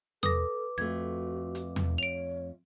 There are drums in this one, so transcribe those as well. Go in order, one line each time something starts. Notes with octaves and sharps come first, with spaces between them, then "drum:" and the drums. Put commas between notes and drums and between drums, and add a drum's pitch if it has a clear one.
A4 B4 D6 D#6 A#6, drum: tom E2
F2 A3 F#4 G#6
drum: hi-hat
drum: tom E2
C#5 D7 F7